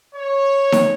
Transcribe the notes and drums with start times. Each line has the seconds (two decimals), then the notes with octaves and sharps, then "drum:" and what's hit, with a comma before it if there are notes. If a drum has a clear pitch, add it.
0.15 C#5
0.72 drum: snare D#4